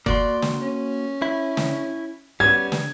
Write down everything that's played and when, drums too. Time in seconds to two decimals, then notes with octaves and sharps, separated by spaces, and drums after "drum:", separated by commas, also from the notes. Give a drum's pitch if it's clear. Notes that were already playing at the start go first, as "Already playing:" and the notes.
0.06 A#3 F#4 D5 C6, drum: kick F#1
0.42 drum: snare
0.61 C#4
1.22 E4
1.57 drum: snare
2.40 G3 B3 C#4 G#6
2.72 drum: snare